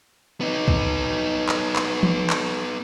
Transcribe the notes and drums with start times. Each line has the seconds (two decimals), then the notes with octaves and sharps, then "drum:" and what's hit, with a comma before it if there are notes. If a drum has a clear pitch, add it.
0.41 B3 D#4
0.68 drum: kick
1.49 drum: clap
1.76 drum: clap
2.03 drum: tom E3
2.30 drum: clap